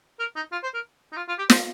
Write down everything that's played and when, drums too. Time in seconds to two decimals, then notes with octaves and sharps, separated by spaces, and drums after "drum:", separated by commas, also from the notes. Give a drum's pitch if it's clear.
0.19 A#4
0.36 D#4
0.52 F4
0.63 C5
0.74 A#4
1.12 D#4
1.16 F4
1.28 F4
1.38 G4
1.50 C5, drum: snare